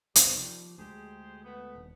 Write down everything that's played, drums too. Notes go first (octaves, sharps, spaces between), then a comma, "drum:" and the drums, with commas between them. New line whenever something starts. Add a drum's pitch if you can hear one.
E2 C3 D#3 G3 B3, drum: hi-hat
F3
D2 G#3 G4 G#4 C5
A3 B3
D#1